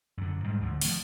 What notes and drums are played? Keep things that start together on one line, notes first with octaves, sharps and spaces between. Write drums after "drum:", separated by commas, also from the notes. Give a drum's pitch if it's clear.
F#2 D3
G#2 G3
D2 D3 F3
F3 A3, drum: open hi-hat